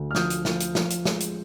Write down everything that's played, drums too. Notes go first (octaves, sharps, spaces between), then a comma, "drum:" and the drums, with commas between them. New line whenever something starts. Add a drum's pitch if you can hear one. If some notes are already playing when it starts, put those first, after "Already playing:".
Already playing: D2
F6
F3 D#6 G6, drum: snare
drum: hi-hat
F3, drum: snare
drum: hi-hat
F3, drum: snare
drum: hi-hat
G#3, drum: snare
drum: hi-hat